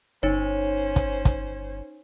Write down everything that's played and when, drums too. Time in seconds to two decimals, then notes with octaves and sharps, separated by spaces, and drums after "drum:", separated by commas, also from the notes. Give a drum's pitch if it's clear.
0.23 G1 C#4 D#4 C5 C#5
0.96 drum: kick, hi-hat
1.25 drum: kick, hi-hat